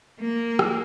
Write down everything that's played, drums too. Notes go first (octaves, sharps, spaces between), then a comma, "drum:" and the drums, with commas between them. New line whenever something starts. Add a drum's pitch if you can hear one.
A#3
drum: rim click